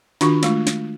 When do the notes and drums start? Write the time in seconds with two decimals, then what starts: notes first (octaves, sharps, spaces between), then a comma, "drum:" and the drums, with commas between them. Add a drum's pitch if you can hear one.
0.21 D#3 D4 F4 F#4 B5 C#6, drum: snare
0.43 G#3 A3 F4, drum: snare
0.67 drum: snare